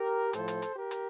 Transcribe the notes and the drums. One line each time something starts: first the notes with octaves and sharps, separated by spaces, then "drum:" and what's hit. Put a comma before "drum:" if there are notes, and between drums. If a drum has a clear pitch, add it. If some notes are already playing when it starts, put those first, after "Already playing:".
Already playing: G4 A#4
A2 F3 A4 C5, drum: hi-hat
drum: hi-hat
drum: hi-hat
G4 A#4
drum: hi-hat